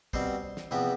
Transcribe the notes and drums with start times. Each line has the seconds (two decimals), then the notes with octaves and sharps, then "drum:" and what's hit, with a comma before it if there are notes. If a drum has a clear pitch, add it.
0.13 B2 G3 C4 C5, drum: kick
0.57 drum: snare
0.71 E2 C3 F3 B3 G4